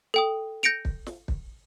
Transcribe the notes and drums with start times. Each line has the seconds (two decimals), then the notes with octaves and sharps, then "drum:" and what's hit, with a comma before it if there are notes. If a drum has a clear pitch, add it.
0.14 A4 G5 D#6
0.63 G6 A#6 C#7 D7 F7
0.85 drum: kick
1.06 drum: snare
1.28 drum: kick